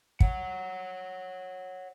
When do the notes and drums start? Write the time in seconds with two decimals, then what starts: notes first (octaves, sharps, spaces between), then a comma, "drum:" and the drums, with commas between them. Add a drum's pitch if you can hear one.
0.20 C#5 F#5, drum: kick